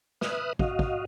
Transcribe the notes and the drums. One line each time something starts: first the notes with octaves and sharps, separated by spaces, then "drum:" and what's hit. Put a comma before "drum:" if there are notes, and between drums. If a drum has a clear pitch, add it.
B4 E5 D#6 F6 F#6, drum: snare
F#4 D#5 F5, drum: kick
drum: kick